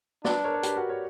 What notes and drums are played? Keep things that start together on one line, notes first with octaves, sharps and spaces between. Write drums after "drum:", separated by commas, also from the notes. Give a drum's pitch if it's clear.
D4 B4 D5, drum: snare
A#4 C#5
C#5
G4 B4, drum: hi-hat
F#4 A#4
A#4 C#5